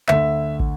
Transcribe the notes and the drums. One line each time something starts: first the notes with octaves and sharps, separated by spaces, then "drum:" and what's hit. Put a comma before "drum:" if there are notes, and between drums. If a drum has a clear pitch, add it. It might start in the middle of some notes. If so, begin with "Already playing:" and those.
D2 D3 E5, drum: clap
drum: kick